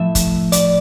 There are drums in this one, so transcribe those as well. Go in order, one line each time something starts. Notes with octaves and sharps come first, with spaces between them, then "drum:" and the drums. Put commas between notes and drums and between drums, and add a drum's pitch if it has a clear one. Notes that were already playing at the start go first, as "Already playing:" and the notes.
Already playing: A2 F3 E5
drum: kick, hi-hat
D5, drum: hi-hat